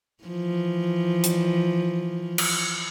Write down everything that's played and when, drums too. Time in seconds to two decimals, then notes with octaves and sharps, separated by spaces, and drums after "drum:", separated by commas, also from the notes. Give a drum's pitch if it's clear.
0.24 E3 F3
1.24 drum: hi-hat
2.38 drum: cymbal